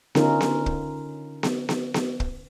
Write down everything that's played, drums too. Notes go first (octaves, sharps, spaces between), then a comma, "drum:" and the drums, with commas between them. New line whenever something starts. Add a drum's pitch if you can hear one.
D3 C#4 D#4 F4 A#4, drum: snare B3
drum: snare B3
drum: kick
drum: snare B3
drum: snare B3
drum: snare B3
drum: kick